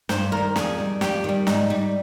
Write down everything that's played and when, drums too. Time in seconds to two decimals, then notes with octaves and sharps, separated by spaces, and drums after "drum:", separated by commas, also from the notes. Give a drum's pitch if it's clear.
0.09 G2 C5, drum: snare
0.32 D#3 G3 A#4
0.56 F2 G#4, drum: snare
0.78 D#3 G3
1.01 F2 G4, drum: snare
1.24 D#3 G3
1.47 G#2 D#4, drum: snare
1.70 G3